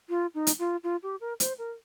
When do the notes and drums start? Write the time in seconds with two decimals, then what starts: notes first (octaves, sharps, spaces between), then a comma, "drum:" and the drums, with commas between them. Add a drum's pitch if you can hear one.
0.09 F4
0.34 D#4
0.47 drum: hi-hat
0.59 F4
0.83 F4
1.03 G4
1.21 A#4
1.40 C5, drum: hi-hat
1.58 A#4